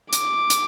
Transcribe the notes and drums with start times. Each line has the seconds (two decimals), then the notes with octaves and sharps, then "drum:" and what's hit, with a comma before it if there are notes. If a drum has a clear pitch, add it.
0.13 D6, drum: hi-hat
0.50 drum: hi-hat